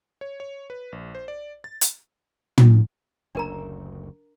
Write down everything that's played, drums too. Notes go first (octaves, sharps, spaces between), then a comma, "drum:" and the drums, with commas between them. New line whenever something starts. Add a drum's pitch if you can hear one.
C#5
C#5
B4
A#1
C5
D5
A6
drum: hi-hat
drum: tom
F#1 D2 D4 A#4 A#5